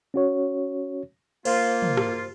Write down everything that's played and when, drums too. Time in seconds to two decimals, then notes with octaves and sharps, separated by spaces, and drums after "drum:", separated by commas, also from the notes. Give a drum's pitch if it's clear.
0.14 C#4 F#4 C#5
1.45 A#3 F4 C5, drum: cymbal
1.82 drum: tom
1.97 drum: rim click